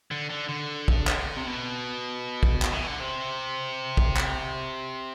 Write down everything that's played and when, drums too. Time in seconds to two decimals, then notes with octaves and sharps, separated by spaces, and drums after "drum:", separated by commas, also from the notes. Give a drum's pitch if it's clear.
0.11 D3
0.30 D3
0.49 D3
0.88 drum: kick
1.07 drum: clap
1.37 C3
1.47 B2
2.43 drum: kick
2.62 drum: clap
2.72 E3
2.87 D3
3.00 C3
3.97 drum: kick
4.17 drum: clap